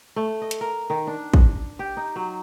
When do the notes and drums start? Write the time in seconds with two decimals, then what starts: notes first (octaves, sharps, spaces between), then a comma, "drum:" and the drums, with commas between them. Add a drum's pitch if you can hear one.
0.16 A3
0.42 D#5
0.51 drum: hi-hat
0.61 A#4
0.90 D#3
1.07 D4
1.34 drum: kick
1.79 G4
1.97 D#4
2.16 F#3